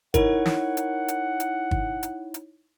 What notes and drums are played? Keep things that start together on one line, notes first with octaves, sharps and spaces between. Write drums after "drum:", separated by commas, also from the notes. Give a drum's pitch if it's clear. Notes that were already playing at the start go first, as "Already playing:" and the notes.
D#4 E4 A#4 C#5 F#5, drum: kick, hi-hat
drum: snare
drum: hi-hat
drum: hi-hat
drum: hi-hat
drum: kick
drum: hi-hat
drum: hi-hat